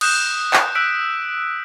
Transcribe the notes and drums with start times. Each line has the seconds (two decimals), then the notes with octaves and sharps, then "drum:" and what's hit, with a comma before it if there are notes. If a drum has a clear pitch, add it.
0.01 D#6 F#6 G6 E7, drum: cymbal
0.53 drum: clap
0.75 E6 F#6 B6 D7